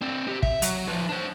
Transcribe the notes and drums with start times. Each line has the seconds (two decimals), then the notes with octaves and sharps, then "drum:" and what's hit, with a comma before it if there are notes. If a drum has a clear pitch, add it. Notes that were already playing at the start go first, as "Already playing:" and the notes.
0.02 C4 D4
0.27 C4 G4
0.43 E5, drum: kick
0.62 F#3, drum: hi-hat
0.88 F3 B4
1.09 D4 C5